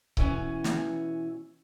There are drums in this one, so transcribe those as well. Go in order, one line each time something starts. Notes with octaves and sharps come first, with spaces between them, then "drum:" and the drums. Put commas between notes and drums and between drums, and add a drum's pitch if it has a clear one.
B2 E3 C#4, drum: kick C#1
drum: snare